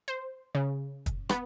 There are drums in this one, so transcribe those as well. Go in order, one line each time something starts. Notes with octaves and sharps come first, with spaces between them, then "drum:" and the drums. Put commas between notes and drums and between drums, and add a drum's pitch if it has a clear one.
C5
C#3
drum: kick, hi-hat
B3, drum: rim click